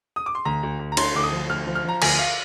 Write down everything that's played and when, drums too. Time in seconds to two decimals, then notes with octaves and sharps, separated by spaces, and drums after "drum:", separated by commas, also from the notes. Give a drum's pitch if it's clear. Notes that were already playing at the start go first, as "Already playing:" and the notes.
0.16 D#6
0.26 D6
0.35 C6
0.45 D2 A#5
0.63 D2
0.79 D2
0.92 A#5
0.97 D3 C6, drum: cymbal
1.15 D2 D6
1.23 D#6
1.32 F3
1.49 D2 F6
1.67 F3
1.75 F6
1.85 F3 A#5
2.02 D2 G#5, drum: cymbal
2.19 F5